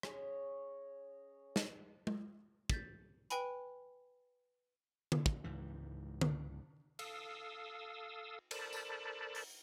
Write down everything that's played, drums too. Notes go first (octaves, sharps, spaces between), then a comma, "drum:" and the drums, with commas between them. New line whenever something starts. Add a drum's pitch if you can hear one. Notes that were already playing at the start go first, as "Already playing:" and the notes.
C#4 G#4 C#5 D#5, drum: rim click
drum: snare
drum: tom G#3
G6 A6 B6, drum: kick
B4 G5 G#5 B5, drum: hi-hat
drum: tom D3
drum: kick
C#2 G#2 E3
drum: tom D3
A4 F5 D#6 E6, drum: cymbal
A4 A#4 C5 D5 A5 B5, drum: cymbal
drum: tambourine
drum: open hi-hat